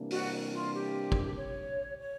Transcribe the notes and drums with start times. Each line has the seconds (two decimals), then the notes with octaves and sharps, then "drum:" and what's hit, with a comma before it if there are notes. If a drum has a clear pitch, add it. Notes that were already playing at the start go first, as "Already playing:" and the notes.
Already playing: C3 E3 G3 A#3 D4
0.11 F#4, drum: open hi-hat
0.53 F4
0.74 G4
1.12 drum: kick
1.36 C#5
1.99 C#5